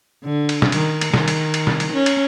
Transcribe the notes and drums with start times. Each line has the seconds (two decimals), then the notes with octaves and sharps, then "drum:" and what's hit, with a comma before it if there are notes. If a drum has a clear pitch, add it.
0.24 D3
0.49 drum: cymbal
0.62 drum: snare
0.72 D#3, drum: cymbal
1.01 drum: cymbal
1.14 D#3, drum: snare
1.28 drum: cymbal
1.54 drum: cymbal
1.67 drum: snare
1.80 drum: cymbal
1.93 C#4
2.06 drum: cymbal